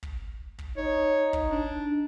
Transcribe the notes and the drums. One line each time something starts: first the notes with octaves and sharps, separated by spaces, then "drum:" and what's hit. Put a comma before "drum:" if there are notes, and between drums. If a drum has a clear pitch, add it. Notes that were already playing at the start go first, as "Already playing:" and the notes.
drum: kick
drum: kick
D#4 C#5
drum: kick
D4